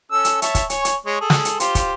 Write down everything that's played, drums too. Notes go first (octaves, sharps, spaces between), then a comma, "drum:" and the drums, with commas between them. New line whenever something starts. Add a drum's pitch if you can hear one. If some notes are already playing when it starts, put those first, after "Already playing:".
C#4 A4 E6
drum: hi-hat
C#5 E5 A5, drum: hi-hat
drum: kick, hi-hat
C#5 G#5 C#6, drum: hi-hat
drum: hi-hat
G#3 C#5
G#4 A4
drum: snare
drum: hi-hat
F4 G4 C5, drum: hi-hat
drum: kick, hi-hat